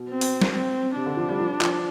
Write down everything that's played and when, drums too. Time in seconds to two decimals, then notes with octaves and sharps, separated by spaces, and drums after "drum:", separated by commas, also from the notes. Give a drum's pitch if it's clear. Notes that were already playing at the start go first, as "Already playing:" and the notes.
Already playing: B2
0.09 C4
0.21 drum: open hi-hat
0.41 drum: snare
0.53 C4
0.96 C3 D4
1.06 D3
1.17 F3
1.29 G3
1.39 F3
1.61 F3, drum: clap